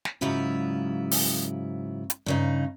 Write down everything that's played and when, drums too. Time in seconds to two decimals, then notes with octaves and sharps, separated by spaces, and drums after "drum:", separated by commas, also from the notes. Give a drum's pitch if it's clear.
0.05 drum: snare
0.21 G#2 C#3 F#3 E4 F4
1.11 drum: open hi-hat
2.10 drum: hi-hat
2.26 G2 C#3 D#4